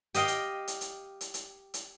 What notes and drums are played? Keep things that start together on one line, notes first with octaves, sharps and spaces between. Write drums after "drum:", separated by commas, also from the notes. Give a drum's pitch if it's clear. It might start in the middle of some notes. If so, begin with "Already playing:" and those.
G4 D#5 F5 G5, drum: hi-hat
drum: hi-hat
drum: hi-hat
drum: hi-hat
drum: hi-hat
drum: hi-hat
drum: hi-hat